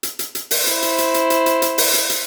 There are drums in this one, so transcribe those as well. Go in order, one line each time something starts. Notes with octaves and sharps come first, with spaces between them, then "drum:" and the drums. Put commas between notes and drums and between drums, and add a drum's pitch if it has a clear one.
drum: hi-hat
drum: hi-hat
drum: hi-hat
drum: open hi-hat
E4 C5, drum: hi-hat
drum: hi-hat
drum: hi-hat
drum: hi-hat
drum: hi-hat
drum: hi-hat
drum: hi-hat
drum: open hi-hat
drum: hi-hat
drum: hi-hat